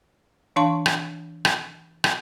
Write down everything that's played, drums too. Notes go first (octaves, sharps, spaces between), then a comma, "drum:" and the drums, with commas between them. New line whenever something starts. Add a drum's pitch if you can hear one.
E3 D4 F5 A5 C6 C#6
drum: rim click
drum: rim click
drum: rim click